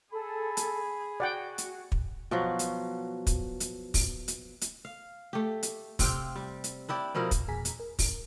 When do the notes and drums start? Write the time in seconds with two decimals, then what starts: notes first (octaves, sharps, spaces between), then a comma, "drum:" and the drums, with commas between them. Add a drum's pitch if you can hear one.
0.13 G#4 A4 B5
0.57 drum: hi-hat
1.20 F#4 D5 F#5 G5
1.58 drum: hi-hat
1.92 drum: kick
2.31 B2 F3 F#3
2.59 drum: hi-hat
3.27 drum: kick, hi-hat
3.60 drum: hi-hat
3.94 drum: kick, open hi-hat
4.28 drum: hi-hat
4.61 drum: hi-hat
4.85 F5
5.33 A3 G4
5.63 drum: hi-hat
5.99 C3 C4 F5 G5, drum: kick, open hi-hat
6.36 G3
6.64 drum: hi-hat
6.89 D4 E4 G4 D5
7.15 B2 F3 E4 A#4
7.31 drum: kick, hi-hat
7.48 E2 A#2 G#4 G#5 A#5 B6
7.65 drum: hi-hat
7.80 A#4
7.99 drum: kick, open hi-hat